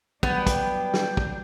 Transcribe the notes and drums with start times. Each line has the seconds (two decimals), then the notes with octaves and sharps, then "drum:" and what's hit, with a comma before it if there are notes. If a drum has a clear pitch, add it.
0.23 F#3 G3 B3 D4 G5, drum: kick
0.47 drum: kick, hi-hat
0.94 drum: snare
1.17 drum: kick